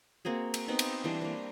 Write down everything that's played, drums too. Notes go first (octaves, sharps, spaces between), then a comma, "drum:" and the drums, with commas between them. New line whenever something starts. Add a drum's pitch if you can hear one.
A#3 C4 F#4 G#4
drum: cymbal
B3 C4 D#4 B4
drum: cymbal
E3 G3 D4 C5
A#3 C5